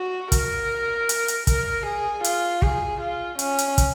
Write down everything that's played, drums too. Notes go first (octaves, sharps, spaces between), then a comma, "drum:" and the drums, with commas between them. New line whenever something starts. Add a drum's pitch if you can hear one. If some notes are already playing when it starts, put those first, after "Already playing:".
Already playing: F#4
A#4, drum: kick, hi-hat
drum: hi-hat
drum: hi-hat
A#4, drum: kick, hi-hat
G#4
F4, drum: hi-hat
G#4, drum: kick
F4
C#4, drum: hi-hat
drum: hi-hat
drum: kick, hi-hat